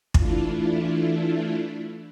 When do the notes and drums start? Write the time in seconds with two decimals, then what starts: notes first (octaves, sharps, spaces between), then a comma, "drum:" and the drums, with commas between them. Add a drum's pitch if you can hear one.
0.14 E3 A3 D4 E4 F4, drum: kick